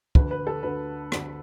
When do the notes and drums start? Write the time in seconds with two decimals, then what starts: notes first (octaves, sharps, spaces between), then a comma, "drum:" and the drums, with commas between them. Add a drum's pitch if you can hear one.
0.15 D2 D3 B4, drum: kick
0.31 B4
0.47 A4
0.63 D2 D3 B4
1.12 D2 D3, drum: rim click